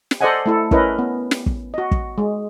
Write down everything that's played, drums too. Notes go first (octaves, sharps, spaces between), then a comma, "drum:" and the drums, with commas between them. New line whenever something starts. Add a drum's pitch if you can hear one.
drum: snare
A4 C5 D5 D#5 F#5 G#5
A3 E4 A4
C#4 E4 A#4 B4 D#5, drum: kick
B3
drum: snare
drum: kick
F#4 D#5
drum: kick
G#3